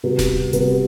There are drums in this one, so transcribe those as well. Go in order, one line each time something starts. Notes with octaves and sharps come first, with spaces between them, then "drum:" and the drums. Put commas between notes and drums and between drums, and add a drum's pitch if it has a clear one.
C3 G3 B3 F#4
drum: snare D#1
C3 G3 B3 F#4, drum: hi-hat